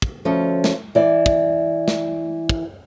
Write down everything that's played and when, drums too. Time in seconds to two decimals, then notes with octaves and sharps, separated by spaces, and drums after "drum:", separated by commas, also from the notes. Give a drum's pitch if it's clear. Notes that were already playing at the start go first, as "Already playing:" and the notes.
0.02 drum: kick
0.25 D2 F3 C#4 A4
0.64 drum: snare
0.95 E3 D5
1.26 drum: kick
1.88 drum: snare
2.49 drum: kick